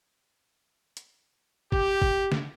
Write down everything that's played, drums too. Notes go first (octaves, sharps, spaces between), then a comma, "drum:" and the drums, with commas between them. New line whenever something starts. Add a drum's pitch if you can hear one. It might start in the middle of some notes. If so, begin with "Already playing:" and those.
drum: hi-hat
G4, drum: kick G1
drum: kick G1
drum: snare